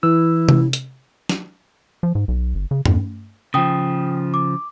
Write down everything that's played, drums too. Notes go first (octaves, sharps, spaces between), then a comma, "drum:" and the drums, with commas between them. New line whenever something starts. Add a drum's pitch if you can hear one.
E3 E4 E6
drum: tom C3
drum: hi-hat
drum: snare
F3
G#2
B1
G1
C#3
F2, drum: tom G2
C#3 F3 G5 D#6
D6